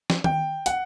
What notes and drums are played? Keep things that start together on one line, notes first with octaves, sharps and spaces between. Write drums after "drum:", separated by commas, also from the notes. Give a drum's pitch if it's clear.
drum: snare
G5, drum: tom D#3
F#5, drum: hi-hat